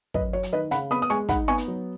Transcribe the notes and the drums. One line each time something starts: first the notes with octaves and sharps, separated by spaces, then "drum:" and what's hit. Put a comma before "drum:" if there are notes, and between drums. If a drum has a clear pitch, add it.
F#2 B4 D#5, drum: kick
F#3 C#5
drum: hi-hat
D#3 B4 D#5
C#3 F#5 B5, drum: hi-hat
B3 B5 D#6
D#6
G#3 G#5 C#6
D#4 F#5 B5, drum: kick, hi-hat
B3 G#5 C#6
drum: hi-hat
F#3